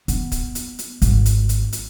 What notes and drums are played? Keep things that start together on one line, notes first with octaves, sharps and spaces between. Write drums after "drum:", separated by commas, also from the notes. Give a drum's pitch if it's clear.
B3, drum: hi-hat
drum: kick, hi-hat
drum: hi-hat
drum: hi-hat
G#1, drum: hi-hat
drum: hi-hat
drum: hi-hat
drum: hi-hat